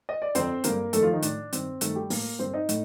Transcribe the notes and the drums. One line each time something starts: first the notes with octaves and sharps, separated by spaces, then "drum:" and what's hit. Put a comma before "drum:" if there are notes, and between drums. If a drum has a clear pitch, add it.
D#5
D5
F2 D3 C4 C5, drum: hi-hat
G2 D3 A#3 A#4, drum: hi-hat
F2 D#3 A3 A4, drum: hi-hat
F3 F4
D#3 D#4
A2 D4, drum: hi-hat
G2 D#3 C4, drum: hi-hat
G2 D#3 A3 A4, drum: hi-hat
G3 G4
A2 A#3 A#4, drum: open hi-hat
G2 D3 C4 C5
D#4 D#5
A2, drum: hi-hat